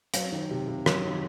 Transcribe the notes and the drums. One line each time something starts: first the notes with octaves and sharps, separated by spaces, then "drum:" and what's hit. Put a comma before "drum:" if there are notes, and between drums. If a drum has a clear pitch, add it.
F#3 F5, drum: hi-hat
D#3
C3
C3
F#3, drum: rim click
D#3